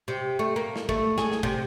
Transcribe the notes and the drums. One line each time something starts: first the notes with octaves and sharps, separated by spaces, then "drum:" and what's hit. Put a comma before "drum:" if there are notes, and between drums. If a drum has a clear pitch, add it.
C3
A3
A#3
drum: snare
A3, drum: kick
G#4, drum: snare
drum: snare
C3, drum: kick